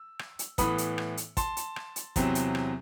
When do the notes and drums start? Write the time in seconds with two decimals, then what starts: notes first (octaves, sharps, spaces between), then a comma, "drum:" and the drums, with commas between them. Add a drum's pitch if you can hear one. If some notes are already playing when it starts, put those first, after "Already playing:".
Already playing: E6
0.19 drum: rim click
0.39 drum: hi-hat
0.58 A2 E3 B3 B5 D#6, drum: kick, hi-hat
0.78 drum: hi-hat
0.98 drum: rim click
1.17 drum: hi-hat
1.37 A5 C6, drum: kick, hi-hat
1.57 drum: hi-hat
1.76 drum: rim click
1.96 drum: hi-hat
2.16 E2 C3 F#3 C4, drum: kick, hi-hat
2.35 drum: hi-hat
2.55 drum: rim click